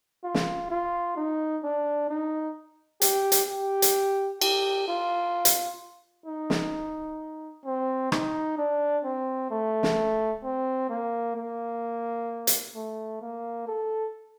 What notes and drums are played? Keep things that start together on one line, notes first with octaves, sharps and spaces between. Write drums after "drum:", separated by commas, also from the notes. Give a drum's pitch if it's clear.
F4
drum: snare
F4
D#4
D4
D#4
G4, drum: hi-hat
drum: hi-hat
G4
drum: hi-hat
G4, drum: cymbal
F4
drum: hi-hat
D#4
drum: snare
C4
D#4, drum: rim click
D4
C4
A3
drum: snare
C4
A#3
A#3
drum: hi-hat
A3
A#3
A4